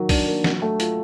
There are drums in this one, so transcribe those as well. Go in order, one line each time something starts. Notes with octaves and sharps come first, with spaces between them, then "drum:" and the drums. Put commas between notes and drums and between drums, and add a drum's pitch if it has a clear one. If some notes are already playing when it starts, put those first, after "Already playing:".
Already playing: D#3 F#3
D4, drum: kick, open hi-hat
A#3
F#3, drum: snare
A3
F4, drum: hi-hat